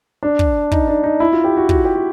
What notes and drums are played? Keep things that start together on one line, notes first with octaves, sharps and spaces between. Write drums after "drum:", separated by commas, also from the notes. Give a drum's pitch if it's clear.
D4
drum: kick
D#4, drum: kick
D4
D#4
E4
F4
G4
F#4
F#4, drum: kick
G4
F#4